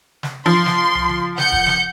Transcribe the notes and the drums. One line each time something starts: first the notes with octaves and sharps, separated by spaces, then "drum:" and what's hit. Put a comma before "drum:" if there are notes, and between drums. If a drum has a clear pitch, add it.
drum: snare
F3 C6
drum: snare
drum: tom
drum: tom
F#5 G6 C#7, drum: snare
drum: kick D#1
drum: snare